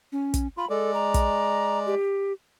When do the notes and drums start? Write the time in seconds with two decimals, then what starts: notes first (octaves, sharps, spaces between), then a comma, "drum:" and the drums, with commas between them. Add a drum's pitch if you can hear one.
0.12 C#4
0.34 drum: kick, hi-hat
0.57 F4 B5
0.70 G#3 A4 D5
0.94 A#5
1.14 drum: kick, hi-hat
1.86 G4